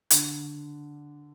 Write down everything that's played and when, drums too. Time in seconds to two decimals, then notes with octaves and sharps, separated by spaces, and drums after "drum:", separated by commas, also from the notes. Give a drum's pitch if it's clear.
0.10 D3, drum: hi-hat